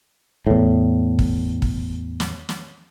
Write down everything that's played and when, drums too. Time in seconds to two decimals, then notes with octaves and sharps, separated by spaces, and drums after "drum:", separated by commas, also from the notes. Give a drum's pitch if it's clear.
0.47 E2 A2
1.19 drum: kick
1.62 drum: kick
2.20 drum: snare
2.49 drum: snare